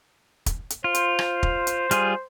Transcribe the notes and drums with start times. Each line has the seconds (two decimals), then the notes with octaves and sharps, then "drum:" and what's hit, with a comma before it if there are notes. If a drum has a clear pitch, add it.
0.46 drum: kick, hi-hat
0.70 drum: hi-hat
0.84 F4 C5
0.95 drum: hi-hat
1.19 drum: rim click
1.43 drum: kick
1.67 drum: hi-hat
1.91 G3 F4 G#4, drum: hi-hat